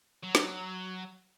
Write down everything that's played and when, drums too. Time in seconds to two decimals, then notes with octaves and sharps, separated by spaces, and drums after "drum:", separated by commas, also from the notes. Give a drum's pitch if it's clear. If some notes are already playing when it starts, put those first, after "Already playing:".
0.23 F#3
0.35 drum: snare